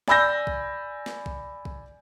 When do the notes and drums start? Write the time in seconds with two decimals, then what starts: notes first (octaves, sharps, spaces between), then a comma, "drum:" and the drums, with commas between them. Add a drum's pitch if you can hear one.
0.08 D5 G#5 B5 E6 G6 A#6, drum: snare
0.47 drum: kick
1.06 drum: snare
1.26 drum: kick
1.65 drum: kick